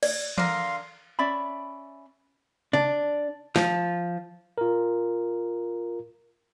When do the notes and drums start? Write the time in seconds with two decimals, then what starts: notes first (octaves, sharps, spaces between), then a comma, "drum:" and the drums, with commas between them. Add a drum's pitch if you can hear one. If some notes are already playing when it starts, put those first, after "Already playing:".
0.03 D5, drum: cymbal
0.38 D3 A#4 F5 C6, drum: tom E3
1.19 C#4 D5 E5 B5
2.73 D4, drum: tom C3
3.56 F3, drum: snare
4.58 F4 A#4